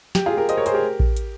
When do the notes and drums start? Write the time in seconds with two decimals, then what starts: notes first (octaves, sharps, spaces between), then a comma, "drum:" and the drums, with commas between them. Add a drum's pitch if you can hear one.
0.15 G4, drum: snare
0.26 F4 G#4
0.37 G4 A#4
0.49 C5 D#5, drum: hi-hat
0.57 A#4 C#5
0.66 G#4 C5, drum: hi-hat
0.74 G4 A#4
1.00 drum: kick A1
1.17 drum: hi-hat